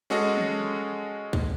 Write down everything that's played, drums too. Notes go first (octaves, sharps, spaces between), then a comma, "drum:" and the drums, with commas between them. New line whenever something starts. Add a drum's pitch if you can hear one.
G#3 C#4 F#4 G#4 A4 D#5
drum: tom D#3
drum: kick